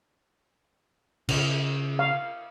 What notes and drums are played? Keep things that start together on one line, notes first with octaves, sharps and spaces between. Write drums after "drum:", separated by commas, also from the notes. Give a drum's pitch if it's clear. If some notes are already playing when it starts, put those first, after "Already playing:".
C#3, drum: cymbal
F5